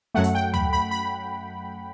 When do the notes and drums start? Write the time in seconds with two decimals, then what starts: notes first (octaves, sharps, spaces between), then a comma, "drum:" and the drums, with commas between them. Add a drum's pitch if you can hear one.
0.14 F#2 F#3 A3 F#5
0.24 drum: hi-hat
0.35 G5
0.54 B5, drum: tom
0.73 B5
0.91 B5